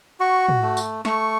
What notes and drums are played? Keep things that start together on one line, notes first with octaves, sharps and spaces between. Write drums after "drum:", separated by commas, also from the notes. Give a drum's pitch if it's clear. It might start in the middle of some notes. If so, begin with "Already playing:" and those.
F#4 C#6
drum: tom
A3
drum: tambourine
A3 C#6, drum: snare